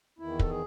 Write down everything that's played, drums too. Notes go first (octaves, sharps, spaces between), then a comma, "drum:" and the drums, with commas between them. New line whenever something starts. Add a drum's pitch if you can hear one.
E2 D#3 E4
A4, drum: kick
G#4